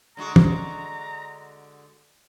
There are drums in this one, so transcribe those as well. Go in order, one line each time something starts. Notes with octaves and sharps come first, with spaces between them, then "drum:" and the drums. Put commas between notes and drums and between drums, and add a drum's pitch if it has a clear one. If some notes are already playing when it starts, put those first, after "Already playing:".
D3 G#3 F#4 A#5
drum: tom